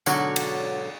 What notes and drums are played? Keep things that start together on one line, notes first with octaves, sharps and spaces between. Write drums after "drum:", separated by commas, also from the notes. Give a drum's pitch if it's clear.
G#2 B2 D3 F#3 C#5, drum: tambourine
drum: cymbal